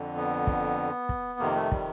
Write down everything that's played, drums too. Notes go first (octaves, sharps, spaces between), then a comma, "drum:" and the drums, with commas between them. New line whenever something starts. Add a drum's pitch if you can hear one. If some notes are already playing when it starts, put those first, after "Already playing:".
Already playing: F2 D3
B3
drum: kick
drum: kick
F2 C3 D#3 A#3
A3
G3, drum: kick